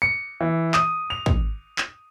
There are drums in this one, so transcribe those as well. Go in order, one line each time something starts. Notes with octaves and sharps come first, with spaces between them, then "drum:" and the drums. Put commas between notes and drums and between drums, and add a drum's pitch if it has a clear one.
C#7
E3
D#6, drum: clap
F7
drum: kick
drum: clap